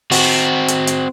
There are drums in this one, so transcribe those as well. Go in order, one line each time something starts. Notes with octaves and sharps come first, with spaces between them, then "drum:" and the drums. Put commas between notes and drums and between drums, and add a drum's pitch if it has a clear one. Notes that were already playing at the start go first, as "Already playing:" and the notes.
C4 F#4, drum: open hi-hat
drum: hi-hat
drum: hi-hat